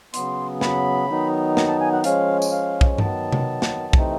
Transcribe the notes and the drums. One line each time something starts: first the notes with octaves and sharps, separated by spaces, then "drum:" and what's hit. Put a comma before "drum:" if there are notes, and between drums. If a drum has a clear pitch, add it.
C#3 F#3 B3 C6, drum: hi-hat
B5, drum: snare
D#3 F#3 B3 D#4
A#5, drum: snare
A5
G#5
F#5
F3 G#3 C#4 F5, drum: hi-hat
drum: tambourine
F5
drum: kick B1
D#3 F#3 B3 A5, drum: tom G2
drum: tom C3
drum: snare
C3 E3 A3 C4 D#4, drum: kick B1